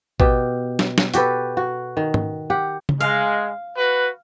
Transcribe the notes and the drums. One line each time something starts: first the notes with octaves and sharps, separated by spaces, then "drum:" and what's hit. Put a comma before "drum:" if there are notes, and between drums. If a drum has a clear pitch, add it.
B2 G4, drum: kick
drum: snare
drum: snare
F#4 G4 A4 B4, drum: hi-hat
F#4
D#3
drum: tom G#2
G4 F#5
drum: tom C#3
G#3 F5
F#4 B4